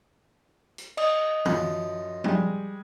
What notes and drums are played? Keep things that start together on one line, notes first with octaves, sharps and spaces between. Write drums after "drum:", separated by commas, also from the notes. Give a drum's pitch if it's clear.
drum: hi-hat
D#5 D#6, drum: cymbal
F#2 F3, drum: tom D#3
G3 G#3, drum: tom F3